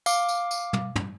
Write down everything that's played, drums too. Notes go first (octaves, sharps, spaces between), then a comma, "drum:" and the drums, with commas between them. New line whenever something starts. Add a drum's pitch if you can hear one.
F5 D6, drum: tambourine
drum: tambourine
drum: tambourine
drum: tom
drum: tom